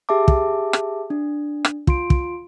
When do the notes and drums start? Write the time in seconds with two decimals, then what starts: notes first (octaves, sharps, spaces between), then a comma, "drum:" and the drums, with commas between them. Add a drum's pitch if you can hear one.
0.09 G4 G#4 E5 A5 D6
0.28 drum: kick
0.73 drum: rim click
1.10 D4
1.65 drum: rim click
1.87 F4 C6 D7, drum: kick
2.10 drum: kick